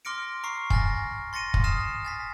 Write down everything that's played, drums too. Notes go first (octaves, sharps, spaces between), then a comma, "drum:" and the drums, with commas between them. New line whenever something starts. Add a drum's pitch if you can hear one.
C6 D6 F6 A#6 C#7 D7
A#5 C#6 C7
G#5 F6 A6 A#6, drum: kick
C6 A6 A#6 C#7 D#7
drum: kick
D#6 F6 A6 C7 D#7 E7
G#5 A6 B6